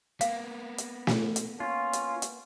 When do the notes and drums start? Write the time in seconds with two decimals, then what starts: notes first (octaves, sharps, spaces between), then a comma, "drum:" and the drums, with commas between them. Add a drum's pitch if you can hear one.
0.21 A#3 B3 F5, drum: hi-hat
0.78 drum: hi-hat
1.07 drum: snare
1.36 drum: hi-hat
1.60 C#4 F4
1.93 drum: hi-hat
2.22 drum: hi-hat